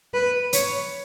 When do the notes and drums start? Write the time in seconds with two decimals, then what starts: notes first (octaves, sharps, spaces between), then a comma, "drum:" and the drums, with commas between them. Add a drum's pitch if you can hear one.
0.14 B4
0.53 C#5, drum: hi-hat